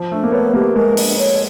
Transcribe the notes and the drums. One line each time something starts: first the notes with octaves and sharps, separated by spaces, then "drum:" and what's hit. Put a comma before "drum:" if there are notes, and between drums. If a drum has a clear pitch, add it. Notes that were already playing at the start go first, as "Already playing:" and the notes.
Already playing: F3
A3 D4
A#3
B3 C#5
A#3 G4
G#3 A#4
D4, drum: open hi-hat
C#5